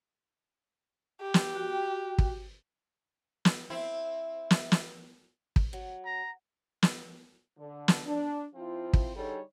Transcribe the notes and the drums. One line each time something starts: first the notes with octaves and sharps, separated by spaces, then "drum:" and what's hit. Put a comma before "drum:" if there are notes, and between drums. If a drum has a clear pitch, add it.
G4
drum: snare
F#4 G5
drum: kick
drum: snare
C4 E4
drum: snare
drum: snare
drum: kick
F#3
A#5
drum: snare
D3
drum: snare
D4
F3 C4 E4 F4
drum: kick
D3 G3 D#4 G#4 A4 C#5